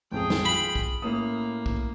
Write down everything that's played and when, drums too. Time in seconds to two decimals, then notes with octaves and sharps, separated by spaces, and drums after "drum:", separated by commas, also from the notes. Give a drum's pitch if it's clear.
0.12 A1 F2 G#3 G#4 G5
0.30 drum: snare
0.45 F4 B5
0.75 drum: kick B1
1.02 A2 A#3 C#4 D#6
1.66 drum: kick B1